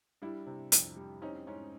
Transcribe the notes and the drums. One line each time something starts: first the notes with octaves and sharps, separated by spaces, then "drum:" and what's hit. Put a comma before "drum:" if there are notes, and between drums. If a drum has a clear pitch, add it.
G3 D4 E4
C3
F2, drum: hi-hat
G3
C4 C#4 D#4
G#2 C#4